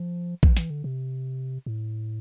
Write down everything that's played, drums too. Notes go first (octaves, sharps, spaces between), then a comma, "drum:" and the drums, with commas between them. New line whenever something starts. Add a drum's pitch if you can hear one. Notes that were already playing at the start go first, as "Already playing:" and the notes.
Already playing: F3
E3, drum: kick
E3, drum: hi-hat
D3
C3
A2